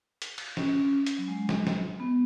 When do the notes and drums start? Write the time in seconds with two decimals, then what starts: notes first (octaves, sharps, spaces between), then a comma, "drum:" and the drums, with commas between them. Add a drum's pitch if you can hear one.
0.22 drum: hi-hat
0.38 drum: cymbal
0.57 C#4, drum: snare
1.06 drum: hi-hat
1.18 F#3
1.28 G#3
1.49 drum: snare
1.67 drum: snare
2.00 B3